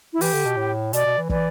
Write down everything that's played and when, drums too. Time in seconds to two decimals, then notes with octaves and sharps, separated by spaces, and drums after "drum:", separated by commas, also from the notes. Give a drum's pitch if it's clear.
0.13 E4
0.21 E3 G4, drum: open hi-hat
0.34 D3
0.45 B2
0.57 A2
0.93 B2 D5, drum: hi-hat
1.06 B2
1.18 E3
1.29 E3 D5, drum: kick